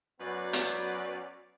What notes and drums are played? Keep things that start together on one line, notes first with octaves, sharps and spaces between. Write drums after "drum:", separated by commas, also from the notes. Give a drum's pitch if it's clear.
F#2 F#3 B3 B4 D5
drum: hi-hat